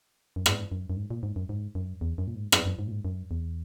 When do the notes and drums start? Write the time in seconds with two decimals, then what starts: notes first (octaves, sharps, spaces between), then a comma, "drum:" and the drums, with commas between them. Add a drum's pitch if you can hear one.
0.36 F#2
0.46 G#2, drum: rim click
0.72 F#2
0.90 F#2
0.97 G#2
1.10 A#2
1.23 G#2
1.36 F#2
1.49 G#2
1.75 F#2
2.01 E2
2.18 F#2
2.27 A#2
2.35 G#2
2.52 F#2, drum: rim click
2.66 F#2
2.79 G#2
2.87 A#2
2.91 G#2
3.05 F#2
3.31 E2